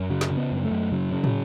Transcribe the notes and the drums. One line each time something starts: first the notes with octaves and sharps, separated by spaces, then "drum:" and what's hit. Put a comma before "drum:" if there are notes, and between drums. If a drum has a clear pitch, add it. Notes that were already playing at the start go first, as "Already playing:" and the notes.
Already playing: F#2
C#3 F#3
drum: snare
C#3
B3
F#2
A3
F#2
C#3 F#3
C#3
drum: tom